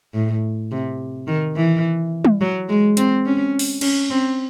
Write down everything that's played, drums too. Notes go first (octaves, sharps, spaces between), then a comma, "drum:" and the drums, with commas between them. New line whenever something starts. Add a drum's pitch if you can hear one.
A2
C3
D#3
E3
drum: tom G3
F#3
G#3
C4, drum: hi-hat
C#4
drum: open hi-hat
C#4, drum: cymbal
C4